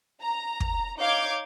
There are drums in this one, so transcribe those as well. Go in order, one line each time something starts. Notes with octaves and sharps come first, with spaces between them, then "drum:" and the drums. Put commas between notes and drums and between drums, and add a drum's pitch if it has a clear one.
A#5
drum: kick
D#4 C#5 F5 D6 G6 G#6